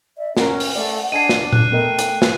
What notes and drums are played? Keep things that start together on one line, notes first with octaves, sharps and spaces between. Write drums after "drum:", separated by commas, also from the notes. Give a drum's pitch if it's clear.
D5 E5
C#4 A#4 F#5 A#5, drum: snare
drum: open hi-hat
A3 D5
D4 D#5 G#5 A5 C7 D#7
drum: snare
F#6, drum: tom A#2
A3 B3 A#4 D#5 G5
drum: hi-hat
drum: snare